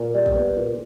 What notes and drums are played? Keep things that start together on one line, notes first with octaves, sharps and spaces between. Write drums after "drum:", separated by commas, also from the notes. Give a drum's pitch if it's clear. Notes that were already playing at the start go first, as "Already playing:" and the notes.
Already playing: A#2
G3
drum: kick
B3
A#2